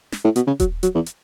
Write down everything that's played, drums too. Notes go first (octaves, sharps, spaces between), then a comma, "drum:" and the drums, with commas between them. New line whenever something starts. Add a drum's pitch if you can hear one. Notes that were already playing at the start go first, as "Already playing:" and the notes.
drum: snare
A2
B2, drum: hi-hat
C#3
F#3, drum: kick D#1, hi-hat
F#3, drum: hi-hat
E2
drum: hi-hat